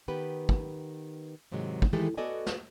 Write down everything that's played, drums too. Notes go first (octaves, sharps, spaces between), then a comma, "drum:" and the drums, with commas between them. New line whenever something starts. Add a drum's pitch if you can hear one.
D#3 B3 G4 B4
drum: kick
G#2 C3 D#3 F#3 G#3
drum: kick
D#3 E3 G#3 A3 G4 A4
B3 F#4 A4 D5 D#5 G#5
drum: snare